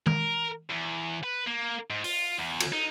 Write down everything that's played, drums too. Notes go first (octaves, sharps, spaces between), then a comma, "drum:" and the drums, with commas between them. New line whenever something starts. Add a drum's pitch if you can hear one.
A#4, drum: tom
E2
B4
A#3
G#2
F4, drum: open hi-hat
E2
drum: cymbal
D#4